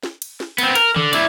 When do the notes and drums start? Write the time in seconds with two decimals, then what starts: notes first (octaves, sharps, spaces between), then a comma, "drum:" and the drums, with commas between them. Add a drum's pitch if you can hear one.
0.03 drum: snare
0.22 drum: cymbal
0.40 drum: snare
0.58 B3 C4, drum: cymbal
0.75 A#4, drum: cymbal
0.96 D3, drum: tom D#3
1.13 E4 D5, drum: cymbal